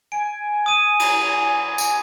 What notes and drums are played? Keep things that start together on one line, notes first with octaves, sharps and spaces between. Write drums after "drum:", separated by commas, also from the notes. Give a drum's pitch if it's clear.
G#5 D7
D#6 D#7
drum: cymbal
drum: tambourine